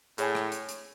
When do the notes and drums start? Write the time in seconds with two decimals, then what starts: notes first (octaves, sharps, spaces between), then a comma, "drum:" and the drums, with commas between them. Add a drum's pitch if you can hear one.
0.18 A2 G#4 C#5 G#5, drum: hi-hat
0.35 drum: rim click
0.52 drum: hi-hat
0.69 drum: hi-hat